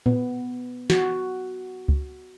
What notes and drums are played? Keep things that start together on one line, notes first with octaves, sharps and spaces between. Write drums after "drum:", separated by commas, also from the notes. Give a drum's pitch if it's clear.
B3, drum: tom A2
F#4, drum: snare
drum: kick C#2